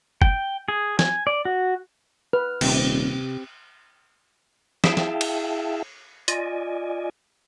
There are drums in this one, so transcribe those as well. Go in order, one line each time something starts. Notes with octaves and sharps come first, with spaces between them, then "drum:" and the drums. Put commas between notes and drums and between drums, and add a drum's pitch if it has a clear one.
G5, drum: kick F#1
G#4
G#5, drum: snare
D5
F#4
B4 F6
D#1 C3 C4 G4, drum: cymbal
E4 G#4 E5 F5 G5 A5, drum: snare
drum: snare
drum: cymbal
F4 D5 D#5 G#5, drum: hi-hat